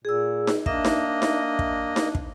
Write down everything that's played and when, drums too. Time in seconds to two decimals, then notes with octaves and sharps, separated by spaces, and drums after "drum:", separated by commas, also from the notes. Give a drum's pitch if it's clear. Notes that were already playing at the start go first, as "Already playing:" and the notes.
0.05 A#2 G#4 E6
0.47 drum: snare D#4
0.66 A#3 D4 D#5 E5, drum: kick
0.85 drum: snare D#4
1.22 drum: snare D#4
1.59 drum: kick
1.96 drum: snare D#4
2.15 drum: kick